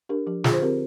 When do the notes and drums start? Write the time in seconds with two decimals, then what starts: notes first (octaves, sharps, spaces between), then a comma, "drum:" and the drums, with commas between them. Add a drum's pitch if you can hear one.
0.09 D4 G4 A#4
0.27 F3 G4
0.44 D3 F4 G#4, drum: snare
0.54 C5
0.62 C4 G4 A#4